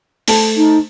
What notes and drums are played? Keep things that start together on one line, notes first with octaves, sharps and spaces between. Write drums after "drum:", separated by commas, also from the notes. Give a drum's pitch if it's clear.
A3 C5 A5, drum: open hi-hat
D#4